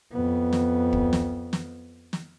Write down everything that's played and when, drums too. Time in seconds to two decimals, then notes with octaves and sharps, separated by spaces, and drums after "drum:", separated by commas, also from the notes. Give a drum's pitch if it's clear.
0.13 F2 B3
0.53 drum: snare
0.93 drum: kick
1.13 drum: snare
1.53 drum: snare
2.13 drum: snare